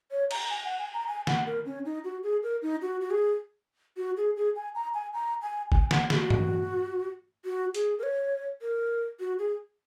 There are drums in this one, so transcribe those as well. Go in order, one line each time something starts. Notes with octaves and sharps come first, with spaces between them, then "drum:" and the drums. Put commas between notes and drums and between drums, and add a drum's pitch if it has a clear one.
C#5
A#5, drum: cymbal
G#5
F#5
G#5
A#5
G#5
F#5, drum: snare
A#4
C#4
D#4
F#4
G#4
A#4
D#4
F#4
F#4
G#4
F#4
G#4
G#4
G#5
A#5
G#5
A#5
G#5
G#5, drum: kick
F#5, drum: snare
G#4, drum: snare
F#4
drum: tom
F#4
G#4, drum: hi-hat
A#4
C#5
A#4
F#4
G#4